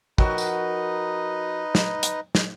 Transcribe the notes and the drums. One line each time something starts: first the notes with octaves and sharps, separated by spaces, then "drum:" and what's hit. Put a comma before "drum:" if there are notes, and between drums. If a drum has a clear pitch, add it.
F3 D#4 F#4 A#4 B4 D#5, drum: kick
drum: tambourine
drum: snare
drum: hi-hat
drum: snare